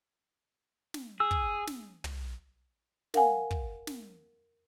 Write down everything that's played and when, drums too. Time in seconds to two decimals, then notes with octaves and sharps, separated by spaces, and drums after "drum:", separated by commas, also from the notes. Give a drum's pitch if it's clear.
0.94 drum: snare
1.20 G#4 E6
1.31 drum: kick
1.67 drum: snare
2.04 drum: tom
3.14 A#4 F5 F#5 G#5, drum: snare
3.51 drum: kick
3.87 drum: snare